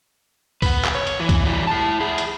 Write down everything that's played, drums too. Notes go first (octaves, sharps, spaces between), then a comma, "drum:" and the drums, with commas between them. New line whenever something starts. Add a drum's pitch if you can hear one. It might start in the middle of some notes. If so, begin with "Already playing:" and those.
B3 B4, drum: kick C2, open hi-hat
drum: clap
C#5
drum: hi-hat
E3
drum: kick C2, hi-hat
E3 G3
E4 A5
E4 G#4
drum: hi-hat